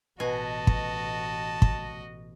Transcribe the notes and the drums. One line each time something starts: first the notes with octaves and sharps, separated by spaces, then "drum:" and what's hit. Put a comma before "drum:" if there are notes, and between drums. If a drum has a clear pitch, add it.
A1 B2 F#4 D#5 G#5 A5
drum: kick
drum: kick